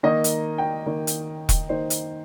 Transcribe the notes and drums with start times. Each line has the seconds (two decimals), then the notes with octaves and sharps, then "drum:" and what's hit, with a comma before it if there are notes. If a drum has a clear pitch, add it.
0.03 D#3 A#3 D#4 D#5
0.24 drum: hi-hat
0.58 G5
0.86 D#3 A#3 D#4
1.07 drum: hi-hat
1.49 drum: kick E1, hi-hat
1.69 D#3 A#3 D#4 C5
1.90 drum: hi-hat